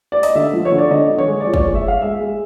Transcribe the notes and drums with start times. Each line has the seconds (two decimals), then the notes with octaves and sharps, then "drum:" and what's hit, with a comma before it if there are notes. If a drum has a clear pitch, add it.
0.12 D5
0.23 D#5, drum: open hi-hat
0.35 D3 E5
0.53 F3
0.65 C#5
0.72 D3
0.78 D5
0.90 D3 D#5
1.09 D3
1.19 C#5, drum: tom D3
1.27 G#3
1.40 D5
1.46 F3 C#5
1.54 D5, drum: kick
1.60 G#3 C#5
1.75 E5
1.83 G#3 F5
2.02 G#3 E5
2.21 G#3